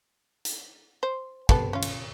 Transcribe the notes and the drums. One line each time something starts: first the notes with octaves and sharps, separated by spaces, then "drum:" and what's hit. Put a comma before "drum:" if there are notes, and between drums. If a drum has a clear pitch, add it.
drum: hi-hat
C5
G3 B3 A4, drum: kick
C#4 F4
drum: cymbal